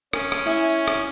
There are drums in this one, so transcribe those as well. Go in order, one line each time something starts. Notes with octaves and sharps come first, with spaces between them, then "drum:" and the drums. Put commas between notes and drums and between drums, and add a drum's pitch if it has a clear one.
C#4, drum: rim click
drum: rim click
E4 G#5
drum: tambourine
drum: rim click